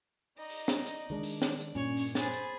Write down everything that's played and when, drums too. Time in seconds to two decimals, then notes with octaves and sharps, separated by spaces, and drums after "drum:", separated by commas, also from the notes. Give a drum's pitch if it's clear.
0.38 D#4 D5 D#5
0.50 drum: open hi-hat
0.68 drum: snare
0.86 drum: hi-hat
1.10 D#3 G#3 D4
1.23 drum: open hi-hat
1.42 drum: snare
1.60 drum: hi-hat
1.75 G2 A#2 C#4 C#5
1.97 drum: open hi-hat
2.15 G#4 C5 B5 A6, drum: snare
2.34 drum: hi-hat